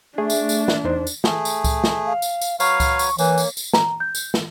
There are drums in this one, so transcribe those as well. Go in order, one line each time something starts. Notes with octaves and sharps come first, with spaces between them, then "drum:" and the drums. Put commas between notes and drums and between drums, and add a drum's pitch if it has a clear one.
A3 D4 G#4
drum: tambourine
drum: tambourine
drum: snare
E2 D#4 C5
drum: tambourine
A3 G#4, drum: snare
drum: tambourine
drum: kick C#2, tambourine
drum: snare
F5
drum: tambourine
drum: tambourine
F#3 B4 C#5 F5 C#6, drum: tambourine
drum: kick C#2, tambourine
drum: tambourine
E3 A#3 C#5, drum: tambourine
drum: tambourine
drum: tambourine
A#5, drum: snare
G6
drum: tambourine
drum: snare